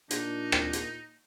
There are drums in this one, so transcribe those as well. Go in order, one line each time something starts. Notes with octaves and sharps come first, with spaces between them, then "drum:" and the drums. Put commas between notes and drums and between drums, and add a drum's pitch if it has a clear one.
A#2 D4 D#4, drum: hi-hat
drum: rim click
drum: hi-hat